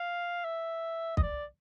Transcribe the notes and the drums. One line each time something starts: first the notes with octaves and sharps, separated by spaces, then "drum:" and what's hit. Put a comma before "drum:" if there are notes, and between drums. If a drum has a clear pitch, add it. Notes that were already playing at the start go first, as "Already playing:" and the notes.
Already playing: F5
E5
D#5, drum: kick
D5